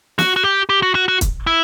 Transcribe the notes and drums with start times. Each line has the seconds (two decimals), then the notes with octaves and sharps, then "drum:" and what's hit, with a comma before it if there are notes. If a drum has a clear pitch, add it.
0.19 F#4, drum: snare
0.36 F#4
0.44 G4
0.69 G4
0.82 F#4
0.95 F#4
1.08 F#4
1.21 drum: kick, hi-hat
1.47 E4